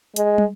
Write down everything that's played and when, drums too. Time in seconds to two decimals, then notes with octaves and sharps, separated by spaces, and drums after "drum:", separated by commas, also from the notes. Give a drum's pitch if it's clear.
0.16 G#3, drum: hi-hat
0.38 drum: tom